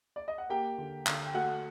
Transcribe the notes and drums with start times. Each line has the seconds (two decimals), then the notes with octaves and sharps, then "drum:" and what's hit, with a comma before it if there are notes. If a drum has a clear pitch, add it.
0.16 D5
0.28 D#5
0.38 F#5
0.49 A#3 G4 G5
0.78 D3
1.07 D3, drum: clap
1.27 G5
1.34 A3 F#4 F#5